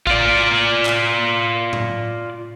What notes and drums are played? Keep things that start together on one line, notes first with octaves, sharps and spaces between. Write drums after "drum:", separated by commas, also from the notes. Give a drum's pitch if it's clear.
F4 D5, drum: kick A1
drum: clap
drum: tom A2